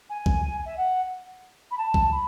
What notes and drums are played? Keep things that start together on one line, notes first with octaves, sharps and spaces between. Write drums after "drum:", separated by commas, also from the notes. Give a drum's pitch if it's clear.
G#5
drum: kick B1
E5
F#5
B5
A5
drum: kick B1
B5